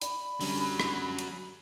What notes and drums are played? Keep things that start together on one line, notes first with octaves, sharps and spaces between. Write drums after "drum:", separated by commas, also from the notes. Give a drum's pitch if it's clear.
D5 B5, drum: hi-hat
D3 F#3 G3 C#4, drum: open hi-hat
drum: rim click
drum: hi-hat